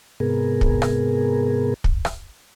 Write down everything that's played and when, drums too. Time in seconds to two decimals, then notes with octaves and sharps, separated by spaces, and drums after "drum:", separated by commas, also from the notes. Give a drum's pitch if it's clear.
0.20 G#2 C3 B3 G#4 A#4
0.61 drum: kick
0.82 drum: rim click
1.84 drum: kick
2.05 drum: rim click